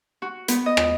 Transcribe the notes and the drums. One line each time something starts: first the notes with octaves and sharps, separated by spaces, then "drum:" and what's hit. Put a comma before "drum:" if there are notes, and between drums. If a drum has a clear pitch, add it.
F#4
B3, drum: hi-hat
D#5
drum: rim click